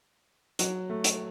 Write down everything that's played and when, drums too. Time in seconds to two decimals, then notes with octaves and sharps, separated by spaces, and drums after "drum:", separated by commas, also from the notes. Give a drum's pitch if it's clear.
0.59 F#3, drum: hi-hat
0.90 A3
1.04 drum: hi-hat